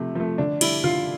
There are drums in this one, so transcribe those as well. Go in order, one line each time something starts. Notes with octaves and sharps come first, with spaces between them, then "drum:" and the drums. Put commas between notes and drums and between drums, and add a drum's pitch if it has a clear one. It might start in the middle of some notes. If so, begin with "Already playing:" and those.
Already playing: C3 F3 A3
F3 A3
D3 D4
G3 E4, drum: cymbal
D3 F4